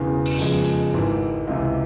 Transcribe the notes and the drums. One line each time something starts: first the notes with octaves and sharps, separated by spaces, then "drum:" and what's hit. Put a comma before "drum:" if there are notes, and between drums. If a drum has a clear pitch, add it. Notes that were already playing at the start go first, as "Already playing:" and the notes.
Already playing: E1 E2 C#3
drum: cymbal
F2 C#3 F3 G#3 B3, drum: tambourine
drum: hi-hat
G#1 G#2 E3
C#2 C3 E3